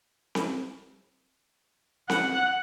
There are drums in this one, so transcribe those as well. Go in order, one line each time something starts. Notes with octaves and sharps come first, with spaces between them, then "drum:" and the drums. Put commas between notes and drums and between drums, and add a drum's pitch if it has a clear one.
drum: snare C4
F#5, drum: snare C4